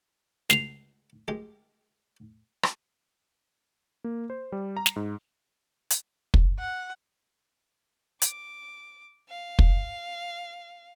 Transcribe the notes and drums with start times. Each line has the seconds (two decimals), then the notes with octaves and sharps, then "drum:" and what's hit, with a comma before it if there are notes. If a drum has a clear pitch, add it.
0.50 C#2 C7 F7, drum: snare
1.28 G#3 G4
2.63 drum: rim click
4.04 A#3
4.30 C5
4.52 G3
4.77 A#5
4.86 drum: snare
4.96 G#2
5.91 drum: hi-hat
6.34 drum: kick
6.59 F#5
8.22 D6, drum: hi-hat
9.29 F5
9.59 drum: kick